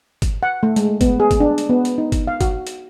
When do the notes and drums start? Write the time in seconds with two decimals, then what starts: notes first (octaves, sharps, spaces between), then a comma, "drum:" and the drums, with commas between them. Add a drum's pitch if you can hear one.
0.22 drum: kick G1, hi-hat
0.43 F#5
0.63 A3
0.76 G#3, drum: hi-hat
1.01 B3, drum: kick G1, hi-hat
1.20 G#4
1.31 drum: kick G1, hi-hat
1.40 D4
1.58 drum: hi-hat
1.69 B3
1.85 drum: hi-hat
1.98 D#4
2.12 drum: kick G1, hi-hat
2.27 F5
2.41 F#4, drum: kick G1, hi-hat
2.67 drum: hi-hat